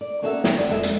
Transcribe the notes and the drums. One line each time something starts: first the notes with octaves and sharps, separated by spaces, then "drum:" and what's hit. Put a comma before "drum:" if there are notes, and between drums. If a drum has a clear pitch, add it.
D5
A#3 C#4 F#4 A4 C#5 E5
D3 E3 F#3 E5 G5, drum: snare
B4 D5 F#5
F2 G#3 A4 E5
drum: hi-hat